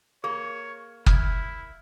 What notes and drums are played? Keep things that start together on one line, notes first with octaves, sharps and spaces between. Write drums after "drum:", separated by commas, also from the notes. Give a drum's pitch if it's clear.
A#3 G#4 C#5
E4 F6 G6 G#6, drum: kick F#1